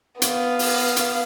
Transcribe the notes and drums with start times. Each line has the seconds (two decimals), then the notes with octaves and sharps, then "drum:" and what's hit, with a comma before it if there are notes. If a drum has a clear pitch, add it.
0.22 B3 F5, drum: hi-hat
0.59 drum: open hi-hat
0.97 drum: hi-hat